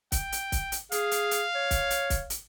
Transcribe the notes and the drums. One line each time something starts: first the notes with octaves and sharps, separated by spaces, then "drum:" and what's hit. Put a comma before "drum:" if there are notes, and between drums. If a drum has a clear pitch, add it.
G5, drum: kick, hi-hat
drum: hi-hat
drum: kick, hi-hat
drum: hi-hat
G#4 F5, drum: hi-hat
drum: hi-hat
drum: hi-hat
C#5
drum: kick, hi-hat
drum: hi-hat
drum: kick, hi-hat
drum: hi-hat